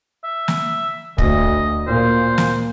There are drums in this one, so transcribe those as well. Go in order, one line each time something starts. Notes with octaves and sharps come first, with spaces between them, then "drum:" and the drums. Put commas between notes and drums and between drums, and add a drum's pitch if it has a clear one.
E5
drum: snare
D2 D#5, drum: kick
A#2 C5
drum: snare